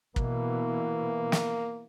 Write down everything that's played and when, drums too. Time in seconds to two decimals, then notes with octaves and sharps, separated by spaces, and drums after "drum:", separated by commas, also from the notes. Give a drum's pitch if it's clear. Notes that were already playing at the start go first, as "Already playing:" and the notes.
0.16 B2 E3 A#3, drum: kick
1.32 drum: snare